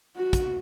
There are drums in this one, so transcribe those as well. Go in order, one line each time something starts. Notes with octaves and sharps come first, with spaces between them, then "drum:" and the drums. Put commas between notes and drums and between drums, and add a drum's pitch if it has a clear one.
F#4
drum: kick, hi-hat